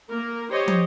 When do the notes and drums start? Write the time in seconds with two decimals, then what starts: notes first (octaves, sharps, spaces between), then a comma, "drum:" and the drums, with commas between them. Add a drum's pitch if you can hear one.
0.11 A#3 A#4
0.52 G4 C5 C#5 D#5
0.68 drum: tom